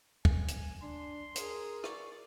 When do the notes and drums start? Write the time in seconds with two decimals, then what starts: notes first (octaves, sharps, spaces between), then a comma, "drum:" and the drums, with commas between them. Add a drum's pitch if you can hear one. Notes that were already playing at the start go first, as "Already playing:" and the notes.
0.25 G#5, drum: kick
0.48 drum: hi-hat
0.82 D4 C6
1.36 G#4 A#4, drum: hi-hat
1.84 D5 C#6, drum: rim click